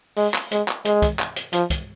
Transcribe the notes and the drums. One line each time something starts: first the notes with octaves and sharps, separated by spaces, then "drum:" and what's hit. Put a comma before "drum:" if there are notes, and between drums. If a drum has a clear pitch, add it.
G#3, drum: open hi-hat
drum: clap
G#3, drum: hi-hat
drum: clap
G#3, drum: hi-hat
drum: kick, hi-hat
drum: clap
drum: hi-hat
F3, drum: hi-hat
drum: kick, hi-hat